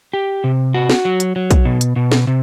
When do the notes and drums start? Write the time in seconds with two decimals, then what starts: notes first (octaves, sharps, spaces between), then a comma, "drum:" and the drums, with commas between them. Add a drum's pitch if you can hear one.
0.14 G4
0.44 C3
0.74 F#4
0.90 drum: snare
1.05 F#3
1.20 drum: hi-hat
1.36 F#3
1.51 drum: kick, hi-hat
1.65 B2
1.81 drum: hi-hat
1.96 B2
2.12 drum: snare
2.27 C3